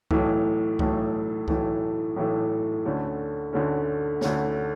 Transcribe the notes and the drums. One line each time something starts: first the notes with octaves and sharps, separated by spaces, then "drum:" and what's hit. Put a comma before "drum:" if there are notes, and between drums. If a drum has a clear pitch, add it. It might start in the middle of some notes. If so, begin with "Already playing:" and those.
B1 A2 E3 A3, drum: kick C2
B1 A2 E3 A3, drum: kick C2
B1 A2 E3 A3, drum: kick C2
B1 A2 E3 A3
D2 D3 A3 C#4
D2 D3 A3 C#4
D2 D3 A3 C#4, drum: snare